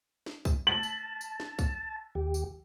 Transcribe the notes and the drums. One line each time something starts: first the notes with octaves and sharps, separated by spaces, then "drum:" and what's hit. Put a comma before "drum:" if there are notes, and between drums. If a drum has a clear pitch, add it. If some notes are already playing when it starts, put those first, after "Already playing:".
drum: snare
drum: kick C2, tambourine
A5 F#7
drum: tambourine
drum: tambourine
drum: snare
drum: kick C2, tambourine
D#2 G4
drum: tambourine